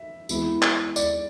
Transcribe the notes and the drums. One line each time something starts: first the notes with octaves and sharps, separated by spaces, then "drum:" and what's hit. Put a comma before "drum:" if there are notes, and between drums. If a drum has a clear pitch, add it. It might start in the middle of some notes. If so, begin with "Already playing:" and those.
Already playing: E5
E3 G#3 B3 E4, drum: tambourine
drum: clap
D5, drum: tambourine